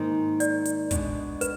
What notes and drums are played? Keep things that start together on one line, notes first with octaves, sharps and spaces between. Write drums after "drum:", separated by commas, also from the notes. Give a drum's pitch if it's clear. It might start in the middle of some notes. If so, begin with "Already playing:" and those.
Already playing: G#2 D#3 A#3 D#4
D5, drum: hi-hat
drum: hi-hat
B2 G#3 D4, drum: kick, hi-hat
B4, drum: hi-hat